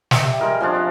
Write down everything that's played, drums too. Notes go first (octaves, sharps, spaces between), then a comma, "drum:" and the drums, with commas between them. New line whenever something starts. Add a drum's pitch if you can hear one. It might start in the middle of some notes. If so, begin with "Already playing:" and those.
drum: snare
G4 E5
G3 G#3 A#4 D#5
F3 C#4 D4
C3